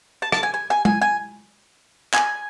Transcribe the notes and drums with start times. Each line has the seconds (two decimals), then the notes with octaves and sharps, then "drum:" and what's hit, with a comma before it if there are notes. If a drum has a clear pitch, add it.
0.22 A5
0.32 A5, drum: rim click
0.43 G#5
0.54 G#5
0.70 G#5
0.85 G#5, drum: tom G#3
1.02 G#5
2.14 G#5, drum: clap